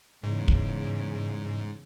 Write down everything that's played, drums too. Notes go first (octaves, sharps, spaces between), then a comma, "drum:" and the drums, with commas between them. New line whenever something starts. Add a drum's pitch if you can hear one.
E2 G#2 C#3
drum: kick